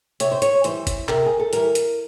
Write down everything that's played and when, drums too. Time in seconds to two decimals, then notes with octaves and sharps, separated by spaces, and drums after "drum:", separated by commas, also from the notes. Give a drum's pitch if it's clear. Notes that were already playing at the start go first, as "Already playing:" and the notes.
0.20 C3 C#5, drum: hi-hat
0.31 C5
0.42 C#5, drum: hi-hat
0.64 E3 G3 C5, drum: hi-hat
0.87 drum: kick, hi-hat
1.09 C3 A#4, drum: clap
1.26 G#4
1.40 A4
1.53 E3 G3 A#4, drum: hi-hat
1.75 drum: hi-hat